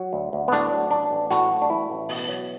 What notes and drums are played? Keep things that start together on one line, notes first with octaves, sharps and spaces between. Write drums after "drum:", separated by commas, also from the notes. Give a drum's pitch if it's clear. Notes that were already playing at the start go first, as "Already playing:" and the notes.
Already playing: F#3
D2
D2
B3
A2 D4, drum: hi-hat
F#3
A1 D4
A1
A2 F#4, drum: hi-hat
F#3
D4
A1 E4
A1
B2, drum: open hi-hat
F#3